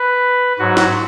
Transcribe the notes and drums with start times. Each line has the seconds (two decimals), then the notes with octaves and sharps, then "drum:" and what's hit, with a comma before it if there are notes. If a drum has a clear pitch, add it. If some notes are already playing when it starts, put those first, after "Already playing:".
Already playing: B4
0.59 G#2 F#3 F#4
0.77 drum: snare